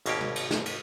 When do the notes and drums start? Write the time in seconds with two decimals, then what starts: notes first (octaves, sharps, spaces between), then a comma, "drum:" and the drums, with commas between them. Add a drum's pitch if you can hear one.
0.06 G#1 D#2 B2 A#3 C#4 G4, drum: cymbal
0.21 drum: tom
0.36 drum: cymbal
0.51 drum: snare
0.66 drum: cymbal